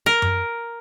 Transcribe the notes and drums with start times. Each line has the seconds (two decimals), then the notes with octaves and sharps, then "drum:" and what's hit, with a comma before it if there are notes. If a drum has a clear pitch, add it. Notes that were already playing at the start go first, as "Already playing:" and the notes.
0.06 A#4
0.22 drum: tom F#2